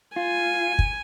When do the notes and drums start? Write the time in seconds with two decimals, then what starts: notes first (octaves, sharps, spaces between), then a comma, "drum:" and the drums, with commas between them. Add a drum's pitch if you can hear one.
0.16 F4 G#5
0.79 drum: kick